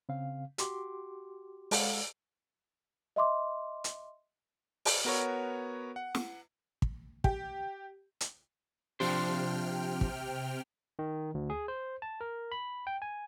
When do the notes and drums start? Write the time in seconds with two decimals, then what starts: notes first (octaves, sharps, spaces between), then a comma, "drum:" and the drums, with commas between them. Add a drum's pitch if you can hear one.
0.09 C#3 C4 F5
0.58 F#4 G4 C6 D6, drum: hi-hat
1.71 G#3 A4 C#5 F5 F#5, drum: open hi-hat
3.16 D#5 E5 C6 D6
3.84 drum: hi-hat
4.85 drum: open hi-hat
5.05 B3 F#4 A#4 B4 C#5
5.96 F#5
6.15 drum: snare
6.82 drum: kick
7.24 G4, drum: kick
8.21 drum: hi-hat
9.00 C3 F3 D4 C5 G5 F6
10.01 drum: kick
10.99 D#3
11.34 D2
11.50 G#4
11.68 C5
12.02 A5
12.21 A#4
12.52 B5
12.87 G5
13.02 G#5